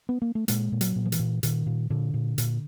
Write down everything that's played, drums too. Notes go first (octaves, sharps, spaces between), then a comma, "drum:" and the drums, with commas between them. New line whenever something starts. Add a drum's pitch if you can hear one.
B3
A#3
A3
A#2 G#3, drum: hi-hat
A#2
F#3, drum: hi-hat
A#2
F3
E3, drum: hi-hat
A#2
A#2 D#3, drum: hi-hat
A#2
A#2 D3
A#2
A#2, drum: hi-hat